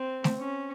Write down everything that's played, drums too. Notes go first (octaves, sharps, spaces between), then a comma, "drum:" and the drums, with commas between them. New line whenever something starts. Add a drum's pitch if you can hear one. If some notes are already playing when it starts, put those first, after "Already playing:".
Already playing: C4
drum: snare A3
C#4